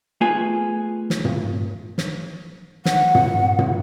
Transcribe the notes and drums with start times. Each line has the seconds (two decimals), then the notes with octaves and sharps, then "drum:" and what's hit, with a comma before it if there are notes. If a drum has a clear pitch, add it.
0.21 A3 B3 F4 G#4 B4 G#5
1.10 drum: snare
1.25 drum: tom
1.98 drum: snare
2.85 F#5, drum: snare
3.15 drum: tom
3.59 drum: tom